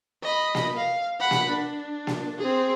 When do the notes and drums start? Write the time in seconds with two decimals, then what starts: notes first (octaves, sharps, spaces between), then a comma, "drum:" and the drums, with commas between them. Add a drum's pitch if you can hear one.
0.23 D#5 B5
0.55 drum: snare A#3
0.77 F5
1.20 F#5 B5
1.31 drum: snare A#3
1.50 D4
2.07 drum: snare A#3
2.39 C4 G#4